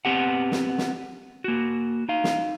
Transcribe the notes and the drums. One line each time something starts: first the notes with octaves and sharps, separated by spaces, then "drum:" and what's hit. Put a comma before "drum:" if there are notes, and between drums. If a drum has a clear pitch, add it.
B3 C4 G4 F#5
drum: snare
drum: snare
A#3 F#4
D#4 F5
drum: snare